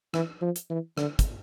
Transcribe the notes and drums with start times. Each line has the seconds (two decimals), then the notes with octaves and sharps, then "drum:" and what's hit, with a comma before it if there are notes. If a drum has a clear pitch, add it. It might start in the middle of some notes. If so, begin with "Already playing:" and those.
0.14 E3, drum: rim click
0.42 F3
0.56 drum: hi-hat
0.70 E3
0.98 D3, drum: rim click
1.19 drum: kick, hi-hat